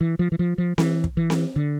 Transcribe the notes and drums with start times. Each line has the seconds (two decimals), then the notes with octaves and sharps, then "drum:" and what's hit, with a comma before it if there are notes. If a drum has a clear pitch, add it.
0.01 E3
0.19 F3
0.32 E3
0.39 F3
0.58 F3
0.78 E3, drum: snare C4
1.04 drum: kick
1.17 E3
1.30 drum: snare C4
1.56 D3